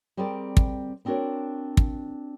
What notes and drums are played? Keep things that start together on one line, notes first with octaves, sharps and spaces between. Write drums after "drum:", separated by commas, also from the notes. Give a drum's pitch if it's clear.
G3 C4 G#4 A#4 D5
drum: kick
B3 C4 D4 F#4 A#4 C#5
drum: kick